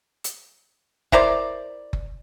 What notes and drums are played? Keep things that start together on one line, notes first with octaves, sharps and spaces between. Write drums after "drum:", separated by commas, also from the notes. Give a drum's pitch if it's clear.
drum: hi-hat
E4 A#4 C5 D5, drum: kick F#1
drum: kick F#1